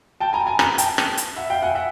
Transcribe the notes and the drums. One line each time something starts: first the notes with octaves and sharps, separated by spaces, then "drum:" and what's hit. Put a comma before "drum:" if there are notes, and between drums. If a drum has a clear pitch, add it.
G5 A5
G#5 A#5
G#5 A#5
G#5 A#5, drum: rim click
G5 A5, drum: hi-hat
drum: rim click
drum: hi-hat
E5 F#5
F5 G5
F#5 G#5
E5 F#5